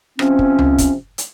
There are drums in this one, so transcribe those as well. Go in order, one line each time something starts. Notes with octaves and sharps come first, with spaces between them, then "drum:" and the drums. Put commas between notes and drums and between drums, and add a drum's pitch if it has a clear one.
C3 F3 C4 C#4, drum: rim click
drum: kick
drum: tom C#2
drum: kick, hi-hat
drum: hi-hat